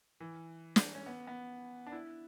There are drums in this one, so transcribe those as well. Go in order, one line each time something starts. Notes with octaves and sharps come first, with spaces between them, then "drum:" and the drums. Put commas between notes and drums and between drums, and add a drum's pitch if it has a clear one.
E3
drum: snare
C#4
B3
B3
D4
E4